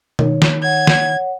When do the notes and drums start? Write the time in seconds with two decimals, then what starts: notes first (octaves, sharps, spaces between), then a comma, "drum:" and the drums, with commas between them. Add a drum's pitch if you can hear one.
0.19 D#3 C#5, drum: tom B2
0.42 drum: snare
0.63 C#5 F#5 G#6
0.87 drum: snare